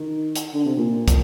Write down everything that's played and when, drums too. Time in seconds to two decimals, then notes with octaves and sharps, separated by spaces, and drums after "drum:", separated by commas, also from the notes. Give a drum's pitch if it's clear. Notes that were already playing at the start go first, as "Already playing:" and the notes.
Already playing: D#3
0.35 drum: hi-hat
0.54 D3
0.65 C3
0.78 A#2
1.08 drum: kick, hi-hat